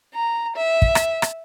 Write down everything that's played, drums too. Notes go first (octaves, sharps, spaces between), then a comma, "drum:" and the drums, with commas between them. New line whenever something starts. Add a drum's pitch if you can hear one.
A#5
E5
drum: kick
drum: rim click
drum: rim click